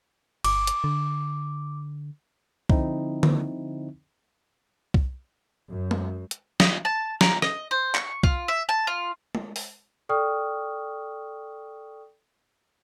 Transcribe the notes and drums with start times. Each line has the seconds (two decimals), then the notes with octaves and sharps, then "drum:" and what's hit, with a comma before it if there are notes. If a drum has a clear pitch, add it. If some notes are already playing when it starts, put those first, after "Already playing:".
0.44 G1 D6, drum: cymbal
0.67 drum: hi-hat
0.84 D3
2.69 D3 F3 C4 D#4 E4, drum: kick C2
3.23 drum: tom D3
4.94 drum: kick C2
5.69 F#2
5.91 drum: tom G#3
6.31 drum: hi-hat
6.60 D#5, drum: snare
6.85 A5
7.21 A#4, drum: snare
7.42 D#5, drum: rim click
7.71 C5
7.95 C#6, drum: clap
8.23 F4, drum: kick C2
8.48 E5
8.69 A5
8.87 F4
9.35 drum: tom G#3
9.56 drum: open hi-hat
10.09 A4 D5 G5 C#6 D#6 F6